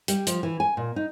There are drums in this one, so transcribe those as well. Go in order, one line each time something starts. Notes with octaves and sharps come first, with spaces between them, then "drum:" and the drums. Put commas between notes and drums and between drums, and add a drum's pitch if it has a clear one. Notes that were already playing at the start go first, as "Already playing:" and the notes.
G3, drum: hi-hat
F3, drum: hi-hat
E3
G#5
A#2
D#4